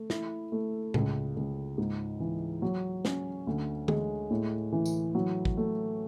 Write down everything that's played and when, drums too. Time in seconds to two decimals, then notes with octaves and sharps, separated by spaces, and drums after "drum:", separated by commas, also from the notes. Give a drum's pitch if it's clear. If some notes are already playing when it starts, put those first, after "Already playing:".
Already playing: A3
0.10 E4, drum: snare
0.52 A3
0.94 C#2, drum: tom A2
1.37 C#2
1.78 G#2
2.20 E3
2.62 F#3
3.05 C#4, drum: snare
3.47 D2
3.88 G#3, drum: tom D3
4.31 A2
4.72 E3
4.85 drum: tambourine
5.15 F#3
5.45 drum: kick
5.57 A3